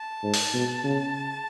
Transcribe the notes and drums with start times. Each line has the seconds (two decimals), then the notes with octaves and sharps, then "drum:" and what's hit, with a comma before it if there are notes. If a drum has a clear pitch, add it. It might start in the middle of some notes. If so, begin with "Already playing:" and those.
Already playing: A5
0.23 G#2
0.34 drum: open hi-hat
0.54 B2
0.84 C#3